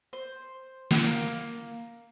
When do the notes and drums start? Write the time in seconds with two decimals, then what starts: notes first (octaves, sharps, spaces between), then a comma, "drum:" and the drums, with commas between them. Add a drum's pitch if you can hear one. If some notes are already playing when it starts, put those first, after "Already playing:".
0.13 C5
0.91 drum: snare
1.05 A#3